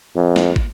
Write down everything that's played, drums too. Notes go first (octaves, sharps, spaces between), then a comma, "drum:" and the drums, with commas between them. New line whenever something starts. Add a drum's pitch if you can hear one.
F2
drum: snare
drum: kick